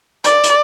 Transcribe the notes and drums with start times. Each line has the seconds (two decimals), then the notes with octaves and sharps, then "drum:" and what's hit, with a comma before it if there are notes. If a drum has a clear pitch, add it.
0.24 D5, drum: hi-hat
0.44 drum: hi-hat